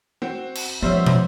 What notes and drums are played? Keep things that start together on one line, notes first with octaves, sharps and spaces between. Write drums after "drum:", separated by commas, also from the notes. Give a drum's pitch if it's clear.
C4 F#4
drum: cymbal
C#2 F3 G3 B3 C5 C#5 E5
drum: tom